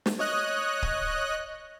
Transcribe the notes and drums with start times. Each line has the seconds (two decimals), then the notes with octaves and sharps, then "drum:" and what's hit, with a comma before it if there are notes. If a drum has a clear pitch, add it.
0.06 drum: snare
0.19 C#5 D#5 F#6
0.82 drum: kick C#1